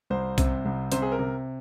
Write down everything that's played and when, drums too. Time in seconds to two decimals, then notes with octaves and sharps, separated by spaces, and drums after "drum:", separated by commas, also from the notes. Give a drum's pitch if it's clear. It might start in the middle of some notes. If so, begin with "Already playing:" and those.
0.10 C2 C5
0.38 C3, drum: kick C2, hi-hat
0.65 C2
0.92 C3 C5, drum: hi-hat
1.02 G#4
1.12 A#4
1.19 C3